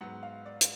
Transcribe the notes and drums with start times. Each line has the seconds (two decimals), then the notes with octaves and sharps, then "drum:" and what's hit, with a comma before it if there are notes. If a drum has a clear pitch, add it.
0.01 G#2 F#3 B3 F#5
0.23 F5
0.46 D5
0.61 drum: hi-hat